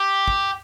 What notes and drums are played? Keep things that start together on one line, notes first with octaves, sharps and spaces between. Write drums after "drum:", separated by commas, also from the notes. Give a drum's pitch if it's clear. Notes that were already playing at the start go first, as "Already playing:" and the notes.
Already playing: G4
drum: kick